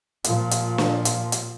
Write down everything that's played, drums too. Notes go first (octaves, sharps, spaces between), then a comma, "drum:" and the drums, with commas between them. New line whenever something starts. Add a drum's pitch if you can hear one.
A#2 F3, drum: hi-hat
drum: hi-hat
drum: snare
drum: hi-hat
drum: hi-hat